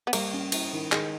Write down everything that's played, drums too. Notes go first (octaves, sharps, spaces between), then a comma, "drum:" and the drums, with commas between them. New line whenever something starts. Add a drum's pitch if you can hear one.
B3
G3 A#3, drum: cymbal
C#4
E4, drum: cymbal
D#3
D#3 G#3, drum: clap